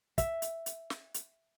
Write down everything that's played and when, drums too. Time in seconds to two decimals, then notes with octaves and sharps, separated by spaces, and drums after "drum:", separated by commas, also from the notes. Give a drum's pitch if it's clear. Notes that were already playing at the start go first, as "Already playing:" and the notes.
0.18 E5, drum: kick, hi-hat
0.42 drum: hi-hat
0.66 drum: hi-hat
0.90 drum: snare
1.14 drum: hi-hat